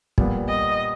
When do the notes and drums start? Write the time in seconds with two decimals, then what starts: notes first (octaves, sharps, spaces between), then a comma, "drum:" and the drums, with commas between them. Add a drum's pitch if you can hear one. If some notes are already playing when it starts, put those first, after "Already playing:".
0.18 A#2 G3 B3, drum: kick
0.48 D#5